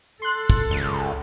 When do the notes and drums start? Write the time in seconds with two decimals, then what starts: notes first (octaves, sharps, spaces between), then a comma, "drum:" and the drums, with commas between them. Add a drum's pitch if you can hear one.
0.22 A4 C6 F#6
0.50 drum: kick
0.71 C#2